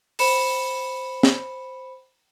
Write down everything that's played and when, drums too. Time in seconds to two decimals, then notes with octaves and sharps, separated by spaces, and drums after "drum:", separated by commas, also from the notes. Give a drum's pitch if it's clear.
0.19 C5 B5 C#7 E7, drum: open hi-hat
1.23 drum: snare